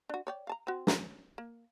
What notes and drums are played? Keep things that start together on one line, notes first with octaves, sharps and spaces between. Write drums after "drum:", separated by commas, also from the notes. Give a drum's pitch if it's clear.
D4 F#4
C#5 D5 G5
F5 A5 A#5
C4 F#4
C#4 A#5, drum: snare
A#3